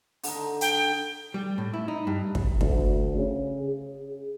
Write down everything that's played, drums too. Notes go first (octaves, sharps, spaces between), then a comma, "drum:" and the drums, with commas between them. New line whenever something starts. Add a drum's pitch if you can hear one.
D3 D#4, drum: open hi-hat
G5, drum: hi-hat
G3
A2
E4
D#4
G2
drum: kick
D2, drum: kick
C#3
G#4